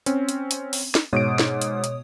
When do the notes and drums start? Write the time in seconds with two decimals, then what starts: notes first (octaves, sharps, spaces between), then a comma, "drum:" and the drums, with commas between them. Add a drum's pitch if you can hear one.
0.06 C4 C#4, drum: hi-hat
0.29 drum: hi-hat
0.51 drum: hi-hat
0.73 drum: open hi-hat
0.95 drum: snare
1.13 G#2 B2 C#5 D#6 D7
1.39 drum: snare
1.62 drum: hi-hat
1.84 drum: hi-hat